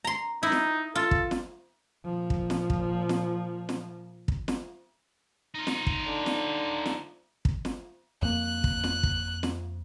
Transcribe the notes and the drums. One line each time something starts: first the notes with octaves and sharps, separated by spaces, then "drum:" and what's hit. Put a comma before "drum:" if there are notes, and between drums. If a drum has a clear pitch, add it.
A#5 C6
D#4 E4
drum: snare
F4 A4
drum: kick
drum: snare
A#2 F3
drum: kick
drum: snare
drum: kick
drum: snare
drum: snare
drum: kick
drum: snare
D#4 F4
drum: snare
drum: kick
D3
drum: snare
drum: snare
drum: kick
drum: snare
F2 A#3 F#6
drum: kick
drum: snare
drum: kick
drum: snare